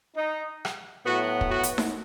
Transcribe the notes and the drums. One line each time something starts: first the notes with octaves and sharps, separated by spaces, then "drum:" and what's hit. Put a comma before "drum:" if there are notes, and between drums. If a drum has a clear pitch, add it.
D#4
drum: rim click
A2 F#3 B3 F#4
drum: kick
F#4
drum: hi-hat
drum: snare D#4